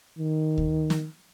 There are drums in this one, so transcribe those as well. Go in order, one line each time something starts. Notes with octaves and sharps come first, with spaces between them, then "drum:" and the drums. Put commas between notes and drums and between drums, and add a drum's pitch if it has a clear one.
D#3
drum: kick D2
drum: snare